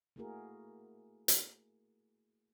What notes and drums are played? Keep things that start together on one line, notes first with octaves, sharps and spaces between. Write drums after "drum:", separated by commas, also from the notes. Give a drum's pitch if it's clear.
A3 A#3 E4 F#4 G#4 A#4
drum: hi-hat